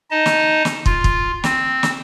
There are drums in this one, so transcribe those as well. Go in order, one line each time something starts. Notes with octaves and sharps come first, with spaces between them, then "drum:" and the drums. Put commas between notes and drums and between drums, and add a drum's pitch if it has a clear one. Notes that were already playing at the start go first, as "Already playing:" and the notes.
D#4 D#5 A5
drum: snare
drum: snare
F4, drum: kick
drum: kick
C4, drum: snare
drum: snare